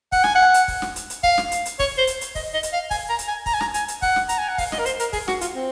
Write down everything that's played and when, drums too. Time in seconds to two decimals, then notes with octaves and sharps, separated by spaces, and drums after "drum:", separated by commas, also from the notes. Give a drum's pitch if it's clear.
0.12 F#5, drum: kick, open hi-hat
0.24 G#5, drum: snare
0.35 F#5
0.54 drum: hi-hat
0.68 drum: kick, open hi-hat
0.82 drum: snare
0.96 drum: hi-hat
1.10 drum: hi-hat
1.23 F5, drum: kick, open hi-hat
1.38 drum: snare
1.52 drum: hi-hat
1.65 drum: hi-hat
1.79 C#5, drum: kick, open hi-hat
1.98 C5
2.07 drum: hi-hat
2.21 drum: hi-hat
2.35 D#5, drum: kick, open hi-hat
2.54 D#5
2.63 drum: hi-hat
2.73 F5
2.91 G#5, drum: kick, open hi-hat
3.09 A#5
3.19 drum: hi-hat
3.28 G#5
3.46 A#5, drum: kick, open hi-hat
3.54 G#5
3.61 A#5, drum: snare
3.74 G#5, drum: hi-hat
3.88 drum: hi-hat
4.02 F#5, drum: kick, open hi-hat
4.16 drum: snare
4.29 A#5, drum: hi-hat
4.38 G#5
4.49 F#5
4.58 F5, drum: kick, open hi-hat
4.72 D#5, drum: snare
4.79 A#4
4.86 C5, drum: hi-hat
4.99 A#4, drum: hi-hat
5.13 G#4, drum: kick, open hi-hat
5.28 F#4, drum: snare
5.41 F4, drum: hi-hat
5.56 C4